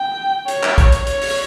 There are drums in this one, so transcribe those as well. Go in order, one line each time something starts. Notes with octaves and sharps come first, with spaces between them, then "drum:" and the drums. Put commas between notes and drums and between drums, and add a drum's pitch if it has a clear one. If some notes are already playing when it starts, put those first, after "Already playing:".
Already playing: G5
C#5, drum: hi-hat
drum: clap
drum: kick, hi-hat
drum: hi-hat
C#5, drum: hi-hat
drum: open hi-hat